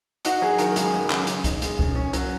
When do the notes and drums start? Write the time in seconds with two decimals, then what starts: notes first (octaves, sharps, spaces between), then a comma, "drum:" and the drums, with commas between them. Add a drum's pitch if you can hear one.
0.25 D#4 F#4, drum: hi-hat
0.42 F#3 G#4
0.58 D#3 A#4, drum: hi-hat
0.76 C#2 G#4, drum: hi-hat
0.94 F#3
1.10 C#3, drum: clap
1.27 C#3, drum: hi-hat
1.44 D#4, drum: kick C2, hi-hat
1.62 G#3, drum: hi-hat
1.79 F#2, drum: kick C2
1.95 C#4
2.13 F#3, drum: hi-hat